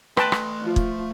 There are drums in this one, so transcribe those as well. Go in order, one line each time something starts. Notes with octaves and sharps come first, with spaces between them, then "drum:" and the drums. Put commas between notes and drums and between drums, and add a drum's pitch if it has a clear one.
A3 B4 G5 A5 C6, drum: rim click
drum: rim click
F3
drum: kick